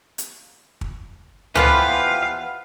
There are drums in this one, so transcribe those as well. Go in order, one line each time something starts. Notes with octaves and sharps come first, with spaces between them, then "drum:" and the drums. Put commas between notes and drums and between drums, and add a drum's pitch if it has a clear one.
drum: hi-hat
drum: kick
E3 F3 B3 F4 G4 B4 F5, drum: tom C#2